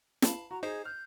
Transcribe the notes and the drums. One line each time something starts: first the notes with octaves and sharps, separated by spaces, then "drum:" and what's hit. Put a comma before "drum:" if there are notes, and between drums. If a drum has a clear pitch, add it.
F5 A5 B5, drum: snare
F#4 A#5
D#4 G#4 C5 D#5 A#5 C7
F6 G6